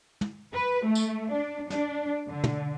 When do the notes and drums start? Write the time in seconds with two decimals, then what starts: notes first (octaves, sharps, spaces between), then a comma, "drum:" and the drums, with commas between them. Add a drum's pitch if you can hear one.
0.21 drum: tom
0.53 B4
0.85 A3
0.95 drum: tambourine
1.32 D4
1.70 D4, drum: snare
2.29 D3
2.44 drum: tom